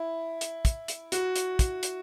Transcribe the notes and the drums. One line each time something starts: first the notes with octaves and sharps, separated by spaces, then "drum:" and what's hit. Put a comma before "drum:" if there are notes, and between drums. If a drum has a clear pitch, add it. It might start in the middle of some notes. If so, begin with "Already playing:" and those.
Already playing: E4
drum: hi-hat
drum: kick, hi-hat
drum: hi-hat
F#4, drum: hi-hat
drum: hi-hat
drum: kick, hi-hat
drum: hi-hat